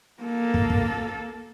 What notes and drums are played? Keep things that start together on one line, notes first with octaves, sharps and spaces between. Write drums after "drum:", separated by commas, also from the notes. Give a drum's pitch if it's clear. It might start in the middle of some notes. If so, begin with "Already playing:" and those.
A#3 A4
drum: kick
drum: kick